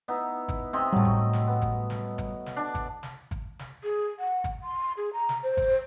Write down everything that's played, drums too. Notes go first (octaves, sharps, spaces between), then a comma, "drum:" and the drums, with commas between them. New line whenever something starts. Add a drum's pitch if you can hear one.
B3 D#4 E4
drum: kick G#1, hi-hat
C3 C4 D#5
A2 F#3 G3 A3
drum: kick G#1
drum: snare
B3
drum: kick G#1, hi-hat
drum: snare
drum: kick G#1, hi-hat
drum: snare
D4 A5
drum: kick G#1, hi-hat
drum: snare
drum: kick G#1, hi-hat
drum: snare
G#4
F#5
drum: kick G#1, hi-hat
C6
G#4
A#5
drum: snare
C5
drum: kick G#1, hi-hat